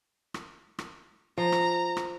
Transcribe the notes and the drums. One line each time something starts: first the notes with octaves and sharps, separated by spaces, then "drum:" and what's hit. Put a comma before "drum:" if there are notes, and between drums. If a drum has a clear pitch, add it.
drum: rim click
drum: rim click
F3 A#5
drum: rim click
drum: rim click